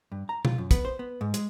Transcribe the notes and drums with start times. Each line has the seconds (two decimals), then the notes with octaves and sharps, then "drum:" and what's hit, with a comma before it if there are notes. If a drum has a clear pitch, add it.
0.12 G2
0.29 A#5
0.45 F4, drum: tom B2
0.58 F#2
0.71 B3, drum: kick, hi-hat
0.85 C5
0.99 B3
1.21 G#2
1.34 G#3, drum: hi-hat